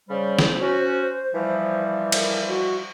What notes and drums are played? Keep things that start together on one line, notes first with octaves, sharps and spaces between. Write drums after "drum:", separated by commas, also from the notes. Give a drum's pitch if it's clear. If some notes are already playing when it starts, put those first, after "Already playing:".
C#3 G3 C5
drum: snare
C#4 F#4
E3 F3 G3
A#4, drum: cymbal
F#4